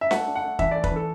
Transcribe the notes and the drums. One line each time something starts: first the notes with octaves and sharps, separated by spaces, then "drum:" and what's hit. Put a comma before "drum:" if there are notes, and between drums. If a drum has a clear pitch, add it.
E5
A3 F#5, drum: snare
D4
F#5
A3
E3 E5, drum: kick
A3 D5
B4, drum: kick
E3 A4